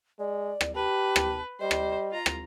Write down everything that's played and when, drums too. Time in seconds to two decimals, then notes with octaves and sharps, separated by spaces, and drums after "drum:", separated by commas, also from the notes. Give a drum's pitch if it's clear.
0.19 G#3 D5
0.61 drum: rim click
0.75 G4 B4 A5
1.16 drum: rim click
1.61 G3 C5 D#5
1.71 drum: rim click
2.11 F4 A#5
2.26 drum: rim click